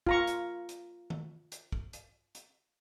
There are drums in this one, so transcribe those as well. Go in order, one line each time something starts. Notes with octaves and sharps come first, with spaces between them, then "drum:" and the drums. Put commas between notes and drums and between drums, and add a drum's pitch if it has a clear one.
F4 A#5 C#6, drum: kick
drum: hi-hat
drum: hi-hat
drum: tom D#3
drum: hi-hat
drum: kick
drum: hi-hat
drum: hi-hat